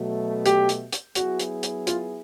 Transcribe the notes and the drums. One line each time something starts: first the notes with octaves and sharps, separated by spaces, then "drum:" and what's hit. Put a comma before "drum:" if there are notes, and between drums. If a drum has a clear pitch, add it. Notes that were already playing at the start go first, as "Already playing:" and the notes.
Already playing: B2 F#3 A3
G4, drum: hi-hat
drum: hi-hat
drum: hi-hat
F#3 B3 E4 F#4 G#4, drum: hi-hat
drum: hi-hat
drum: hi-hat
F4, drum: hi-hat